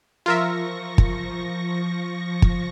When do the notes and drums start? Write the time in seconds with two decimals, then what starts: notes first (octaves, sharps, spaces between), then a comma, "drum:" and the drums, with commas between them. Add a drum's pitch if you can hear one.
0.26 F3 F4 A#4 E5 C#6 A#6
0.98 drum: kick
2.42 drum: kick